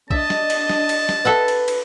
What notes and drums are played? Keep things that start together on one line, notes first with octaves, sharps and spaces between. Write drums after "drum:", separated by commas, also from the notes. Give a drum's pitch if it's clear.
D4 D#5 E5 A5, drum: kick B1
drum: snare
drum: cymbal
drum: snare
drum: cymbal
drum: snare
A4 B4 E5 F#5
drum: cymbal
drum: cymbal